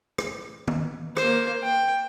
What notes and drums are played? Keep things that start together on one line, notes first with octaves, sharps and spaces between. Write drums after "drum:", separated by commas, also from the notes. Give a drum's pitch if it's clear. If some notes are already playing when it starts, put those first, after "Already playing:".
drum: rim click
drum: tom
A#3 C5, drum: rim click
G5